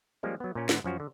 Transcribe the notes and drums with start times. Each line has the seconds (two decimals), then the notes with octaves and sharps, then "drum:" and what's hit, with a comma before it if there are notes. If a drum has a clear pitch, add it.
0.23 F3 G3 G#3 A#3 C#4
0.40 F#3 B3
0.55 A#2 C#4
0.69 G#2 D3 B3, drum: snare
0.84 F#2 F3 C#4 F#4
1.00 D3